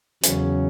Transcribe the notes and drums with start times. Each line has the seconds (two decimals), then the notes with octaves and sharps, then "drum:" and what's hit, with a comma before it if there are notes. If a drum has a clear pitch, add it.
0.23 E2 C#3 F#3 C#4, drum: hi-hat